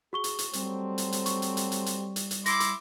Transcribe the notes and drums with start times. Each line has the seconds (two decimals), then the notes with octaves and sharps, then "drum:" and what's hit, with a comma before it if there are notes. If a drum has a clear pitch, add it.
0.13 F#4 G#4 C#6 G7
0.24 drum: hi-hat
0.39 drum: hi-hat
0.53 F#3 G3 A3 C4, drum: hi-hat
0.98 drum: hi-hat
1.12 drum: hi-hat
1.26 C#6, drum: hi-hat
1.42 drum: hi-hat
1.57 drum: hi-hat
1.72 drum: hi-hat
1.86 drum: hi-hat
2.16 drum: hi-hat
2.31 drum: hi-hat
2.46 E4 C6 D6 A#6, drum: hi-hat
2.60 drum: hi-hat